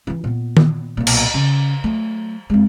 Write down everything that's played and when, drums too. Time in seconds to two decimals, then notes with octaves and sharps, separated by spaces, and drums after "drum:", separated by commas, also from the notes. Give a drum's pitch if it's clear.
0.07 E3 E4
0.24 A#2 B3
0.57 drum: tom D#3
0.97 B1 A#2
1.07 drum: cymbal
1.34 C#3
1.84 F#3 A3
2.50 F2 G#3